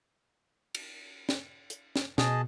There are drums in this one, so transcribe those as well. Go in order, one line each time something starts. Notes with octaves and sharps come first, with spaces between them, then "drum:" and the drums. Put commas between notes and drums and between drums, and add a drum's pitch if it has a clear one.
drum: cymbal
drum: snare
drum: hi-hat
drum: snare
B2 G#4 D#5 A5, drum: snare